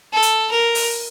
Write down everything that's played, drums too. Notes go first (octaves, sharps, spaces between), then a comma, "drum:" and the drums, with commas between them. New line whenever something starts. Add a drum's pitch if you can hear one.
A4
drum: hi-hat
A#4
drum: open hi-hat